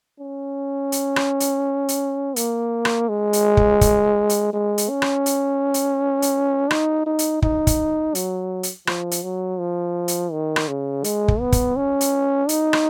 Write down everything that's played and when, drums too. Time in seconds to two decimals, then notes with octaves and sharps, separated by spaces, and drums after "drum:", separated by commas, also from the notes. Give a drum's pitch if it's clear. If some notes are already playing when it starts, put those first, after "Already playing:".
0.20 C#4
0.92 drum: hi-hat
1.16 drum: rim click
1.40 drum: hi-hat
1.88 drum: hi-hat
2.36 A#3, drum: hi-hat
2.85 drum: rim click
3.09 G#3
3.33 drum: hi-hat
3.57 drum: kick
3.81 drum: kick, hi-hat
4.29 drum: hi-hat
4.53 G#3
4.78 drum: hi-hat
4.90 C#4
5.02 drum: rim click
5.26 drum: hi-hat
5.74 drum: hi-hat
6.22 drum: hi-hat
6.71 D#4, drum: rim click
7.06 D#4
7.19 drum: hi-hat
7.42 D#4, drum: kick
7.67 drum: kick, hi-hat
8.15 F#3, drum: hi-hat
8.63 drum: hi-hat
8.87 F3, drum: rim click
9.11 drum: hi-hat
9.23 F#3
9.60 F3
10.08 drum: hi-hat
10.32 D#3
10.56 drum: rim click
10.68 C#3
11.04 G#3, drum: hi-hat
11.28 drum: kick
11.40 B3
11.52 drum: kick, hi-hat
11.77 C#4
12.01 drum: hi-hat
12.49 D#4, drum: hi-hat
12.73 drum: rim click